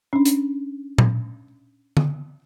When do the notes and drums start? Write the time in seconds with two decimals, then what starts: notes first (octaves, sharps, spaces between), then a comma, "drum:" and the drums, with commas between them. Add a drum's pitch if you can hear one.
0.13 C#4 D4
0.25 drum: hi-hat
0.98 drum: tom A#2
1.97 drum: tom D3